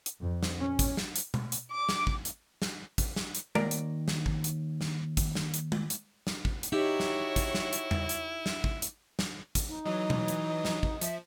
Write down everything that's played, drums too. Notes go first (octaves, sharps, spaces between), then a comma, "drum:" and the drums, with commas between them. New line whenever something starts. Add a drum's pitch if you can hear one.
drum: hi-hat
F2
drum: snare
C#4
drum: kick, hi-hat
drum: snare
drum: hi-hat
drum: tom B2
drum: hi-hat
D6
drum: snare
drum: kick
drum: hi-hat
drum: snare
drum: kick, hi-hat
drum: snare
drum: hi-hat
D#2 A#4 D5 A#5, drum: tom
drum: hi-hat
drum: snare
drum: kick
drum: hi-hat
drum: snare
drum: kick, hi-hat
drum: snare
drum: hi-hat
drum: tom
drum: hi-hat
drum: snare
drum: kick
drum: hi-hat
D#4 E4 F#4 G4 C#5
drum: snare
drum: kick, hi-hat
drum: snare
drum: hi-hat
drum: tom E2
drum: hi-hat
drum: snare
drum: kick
drum: hi-hat
drum: snare
drum: kick, hi-hat
D#4
E3 F#3 D#5
drum: tom B2
drum: hi-hat
drum: snare
drum: kick
F3 E5, drum: hi-hat